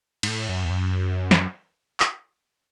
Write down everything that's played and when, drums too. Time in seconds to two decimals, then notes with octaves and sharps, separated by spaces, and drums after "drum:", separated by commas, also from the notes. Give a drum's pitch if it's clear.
0.23 G#2, drum: cymbal
0.28 A2
0.49 F#2
0.65 E2
0.70 F#2
1.31 drum: snare
2.00 drum: clap